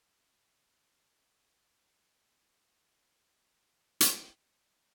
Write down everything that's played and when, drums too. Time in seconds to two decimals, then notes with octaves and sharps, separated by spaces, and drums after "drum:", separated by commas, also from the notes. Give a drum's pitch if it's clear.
0.23 C4 D#4 F5 F#5 G#5
1.38 C#5
1.53 F2
3.34 F#2 F#4 A4 B4 C5 A5
4.01 drum: hi-hat